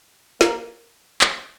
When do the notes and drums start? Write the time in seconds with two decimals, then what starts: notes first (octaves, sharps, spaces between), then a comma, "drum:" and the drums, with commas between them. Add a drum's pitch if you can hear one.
0.41 A#3, drum: snare
1.21 drum: clap